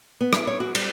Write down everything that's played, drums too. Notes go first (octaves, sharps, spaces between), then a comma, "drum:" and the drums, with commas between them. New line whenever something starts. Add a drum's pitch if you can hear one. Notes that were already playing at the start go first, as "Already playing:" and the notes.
B3
E4, drum: rim click
C#5
F#4
G3, drum: cymbal